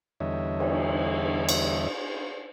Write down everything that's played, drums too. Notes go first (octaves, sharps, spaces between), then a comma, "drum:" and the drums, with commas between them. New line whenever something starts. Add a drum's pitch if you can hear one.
E2 D3 G3 C#5 D#5 E5
drum: cymbal
drum: cymbal